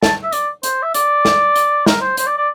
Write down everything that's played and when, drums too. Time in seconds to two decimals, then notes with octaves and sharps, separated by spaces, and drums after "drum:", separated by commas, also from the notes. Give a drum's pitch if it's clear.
0.03 A5, drum: snare
0.23 E5
0.32 D5, drum: hi-hat
0.63 C5, drum: hi-hat
0.82 E5
0.94 D5, drum: hi-hat
1.25 drum: snare
1.56 drum: hi-hat
1.86 A#4, drum: snare
2.01 C5
2.17 C5, drum: hi-hat
2.26 D5
2.38 D5